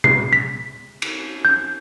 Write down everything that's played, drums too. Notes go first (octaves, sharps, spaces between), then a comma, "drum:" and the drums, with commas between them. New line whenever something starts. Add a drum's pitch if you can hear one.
C7, drum: tom C3
B6
drum: cymbal
G6